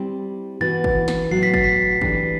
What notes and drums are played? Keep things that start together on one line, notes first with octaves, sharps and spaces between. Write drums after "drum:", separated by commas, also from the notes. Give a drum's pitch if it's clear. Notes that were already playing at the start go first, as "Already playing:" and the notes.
Already playing: G3 C4 E4 G4
E3 B3 F#4 A6
drum: kick
drum: snare
A2 F#3 B3 F#4 C7
B6
A6, drum: kick
B6
E3 A3 D4 G4, drum: kick